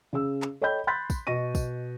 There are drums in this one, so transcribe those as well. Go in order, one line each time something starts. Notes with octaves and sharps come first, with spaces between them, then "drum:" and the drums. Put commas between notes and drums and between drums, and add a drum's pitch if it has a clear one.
C#3 G#4 E6
drum: clap
A4 C#5 D#5 G5 B5 G6
B5 C6 F#6 G6 A6 B6
drum: kick, tambourine
B2 D#5 C#6 A#6 D#7
drum: kick, tambourine